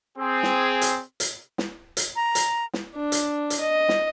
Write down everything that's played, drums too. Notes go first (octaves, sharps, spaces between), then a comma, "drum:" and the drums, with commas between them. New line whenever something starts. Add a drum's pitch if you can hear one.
C4 G#4
drum: snare
drum: hi-hat
drum: hi-hat
drum: snare
drum: hi-hat
A#5
drum: hi-hat
drum: snare
D4
drum: hi-hat
drum: hi-hat
D#5
drum: snare